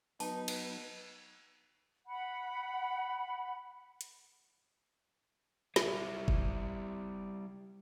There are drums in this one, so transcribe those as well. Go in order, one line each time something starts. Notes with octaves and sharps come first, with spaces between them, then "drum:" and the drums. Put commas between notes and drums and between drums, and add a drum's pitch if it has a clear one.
F#3 B3 D#4 B4 A5, drum: open hi-hat
drum: cymbal
F#5 B5
drum: hi-hat
G3 E4, drum: snare
drum: kick F#1